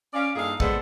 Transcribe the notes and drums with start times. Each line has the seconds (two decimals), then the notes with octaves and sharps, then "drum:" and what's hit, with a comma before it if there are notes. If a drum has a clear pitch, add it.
0.14 C#4 D5 F5
0.36 G2 A#2 D#4 G#4 A4 F5
0.60 G#3 B3 A4 C5 D5 D#5, drum: kick